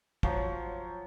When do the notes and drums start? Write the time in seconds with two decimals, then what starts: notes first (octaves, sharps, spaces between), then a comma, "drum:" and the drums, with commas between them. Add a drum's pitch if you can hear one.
0.23 F3 F#3, drum: kick